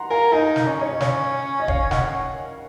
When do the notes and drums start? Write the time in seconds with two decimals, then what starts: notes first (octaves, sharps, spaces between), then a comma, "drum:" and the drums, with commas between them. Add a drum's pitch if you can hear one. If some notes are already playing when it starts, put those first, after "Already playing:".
Already playing: F#5 A#5 C6
0.10 A#4 F5 G#5
0.33 D#4 F5 G#5
0.56 drum: snare
0.67 C#4
0.81 C#5
0.92 D#5
1.00 C#5 F5, drum: snare
1.60 D#5
1.68 C#5 F5, drum: kick D1
1.91 D#5 F#5, drum: snare